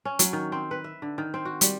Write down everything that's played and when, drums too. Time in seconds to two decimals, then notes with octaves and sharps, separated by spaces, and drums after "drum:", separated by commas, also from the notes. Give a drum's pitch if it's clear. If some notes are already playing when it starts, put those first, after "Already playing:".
0.05 C#4
0.19 F#3, drum: hi-hat
0.33 D#3
0.52 C4
0.71 B4
0.84 E5
1.02 D3
1.18 D#3
1.34 C4
1.45 F#4
1.61 G3, drum: hi-hat